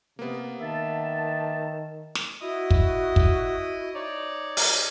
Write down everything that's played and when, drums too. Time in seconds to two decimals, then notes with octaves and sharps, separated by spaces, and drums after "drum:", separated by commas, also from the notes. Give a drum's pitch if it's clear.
0.19 C3 A#3 B3
0.61 D#3 E5 A5
2.15 drum: snare
2.41 E4 F#4 D#5 D#6
2.71 drum: kick
3.16 drum: kick
3.94 D#4 C#5 D5
4.57 drum: open hi-hat